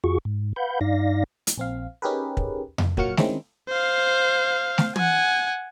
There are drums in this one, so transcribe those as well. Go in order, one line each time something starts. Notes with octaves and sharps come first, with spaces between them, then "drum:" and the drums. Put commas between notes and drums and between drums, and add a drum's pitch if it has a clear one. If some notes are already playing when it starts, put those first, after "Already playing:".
F2 F4 F#4 G#4 C#6
G#2
B4 F5 F#5 B5 G6
G2 D#4 D5 F5 A#6
drum: hi-hat
A#1 C4 F5
C#4 D#4 G4 G#4 A#4 B4
drum: kick
drum: tom F2
A#2 F#3 A#3 F#4 F6 C#7, drum: kick
D#3 G#3 C4 C#4 D#4 E4, drum: snare
C5 F5
drum: snare
F#5 G#5, drum: tom